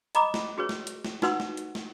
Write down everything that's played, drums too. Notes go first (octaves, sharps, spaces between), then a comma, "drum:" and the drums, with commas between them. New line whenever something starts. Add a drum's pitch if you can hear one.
D#5 A#5 B5 D6 D#6, drum: hi-hat
drum: snare
F#4 G#4 B4 C#5
drum: snare
drum: hi-hat
drum: snare
D#4 F#4 B4 F#5 C6 E6, drum: snare
drum: snare
drum: hi-hat
drum: snare